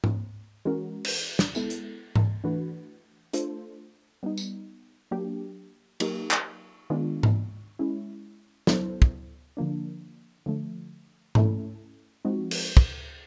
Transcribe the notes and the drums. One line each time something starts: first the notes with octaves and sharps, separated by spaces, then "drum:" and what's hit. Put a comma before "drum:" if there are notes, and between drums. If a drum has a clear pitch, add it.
drum: tom G#2
E3 G#3 C#4 F#4 A#4
drum: cymbal
drum: snare
G#3 B3 E4 A4, drum: tambourine
drum: hi-hat
drum: tom G#2
E3 A3 D4 F#4 B4
A3 D4 F4 A4 C5, drum: hi-hat
G3 B3 D#4
drum: tambourine
F#3 A#3 D4 G4
F#3 A#3 D#4 G4 A#4, drum: cymbal
drum: clap
D#3 G#3 B3 D4 F4
drum: tom G#2
G#3 C#4 E4
F#3 B3 E4 A4 C5, drum: snare
drum: kick
D3 F3 A#3 D4
D3 F3 A3
A3 C#4 E4 A4, drum: tom G#2
F3 G#3 C4 D#4 F#4
drum: cymbal
drum: kick